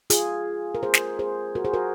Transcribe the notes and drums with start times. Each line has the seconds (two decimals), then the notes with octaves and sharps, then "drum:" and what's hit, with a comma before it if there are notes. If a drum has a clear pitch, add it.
0.10 F4 G#4, drum: hi-hat
0.75 A#4
0.83 G#4 C5
0.94 drum: snare
1.19 G#4 C5
1.55 F#4 A#4
1.65 G#4 C5
1.74 F#4 A#4